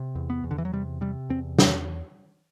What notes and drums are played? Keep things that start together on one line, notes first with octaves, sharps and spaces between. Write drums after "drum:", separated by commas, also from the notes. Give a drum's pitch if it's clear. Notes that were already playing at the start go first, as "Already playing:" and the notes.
Already playing: C3
E2
B3
E2
D3
E3
F#3
C3 G3
C3 G3
E2 C4
drum: snare